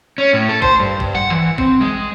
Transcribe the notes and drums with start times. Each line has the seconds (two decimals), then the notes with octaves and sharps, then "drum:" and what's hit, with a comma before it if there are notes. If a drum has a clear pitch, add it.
0.18 C#4
0.33 A2
0.49 A4
0.62 C5, drum: kick G#1
0.79 G2
1.00 drum: kick G#1
1.15 F#5
1.30 E3
1.58 C4, drum: kick G#1
1.81 G#3